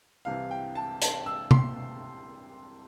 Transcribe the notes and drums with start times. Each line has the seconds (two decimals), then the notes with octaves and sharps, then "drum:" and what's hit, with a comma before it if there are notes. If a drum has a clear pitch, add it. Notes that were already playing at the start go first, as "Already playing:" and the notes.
0.25 C2 C3 E3 F5
0.51 G5
0.75 A5
1.02 A5, drum: hi-hat
1.26 E6
1.51 C6, drum: tom C3